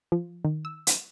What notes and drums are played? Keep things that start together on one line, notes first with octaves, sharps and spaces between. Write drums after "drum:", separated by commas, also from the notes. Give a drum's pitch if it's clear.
F3
D#3
E6
drum: hi-hat